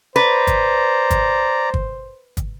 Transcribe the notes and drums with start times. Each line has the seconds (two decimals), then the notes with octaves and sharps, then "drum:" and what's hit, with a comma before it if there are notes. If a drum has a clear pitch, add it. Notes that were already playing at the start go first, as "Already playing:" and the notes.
0.16 B4 C5 D5 A#5
0.47 drum: kick, hi-hat
1.10 drum: kick, hi-hat
1.74 drum: kick
2.37 drum: kick, hi-hat